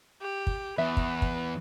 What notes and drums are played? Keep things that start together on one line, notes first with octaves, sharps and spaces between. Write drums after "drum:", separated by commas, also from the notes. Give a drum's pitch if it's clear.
G4
drum: kick
E2 B4 E5
drum: kick
drum: kick